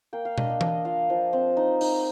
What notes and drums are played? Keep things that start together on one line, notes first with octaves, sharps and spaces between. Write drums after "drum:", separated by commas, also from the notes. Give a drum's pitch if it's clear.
A#3 G5
F5
D4 D#5, drum: tom B2
D#5
D4 D#5, drum: tom E3
F4 F5
F3
C4
D#4
D#4, drum: open hi-hat